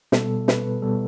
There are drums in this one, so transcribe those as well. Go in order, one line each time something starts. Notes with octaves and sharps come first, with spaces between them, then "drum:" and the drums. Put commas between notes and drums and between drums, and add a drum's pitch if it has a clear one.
B2 G3 B3 A4, drum: snare
B4, drum: snare
B2 G3 B3 A4